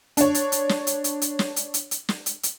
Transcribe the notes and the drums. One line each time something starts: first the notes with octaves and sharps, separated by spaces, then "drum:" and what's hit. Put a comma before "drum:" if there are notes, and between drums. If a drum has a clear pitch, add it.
D4 C#5, drum: hi-hat
drum: hi-hat
drum: hi-hat
drum: snare
drum: hi-hat
drum: hi-hat
drum: hi-hat
drum: snare
drum: hi-hat
drum: hi-hat
drum: hi-hat
drum: snare
drum: hi-hat
drum: hi-hat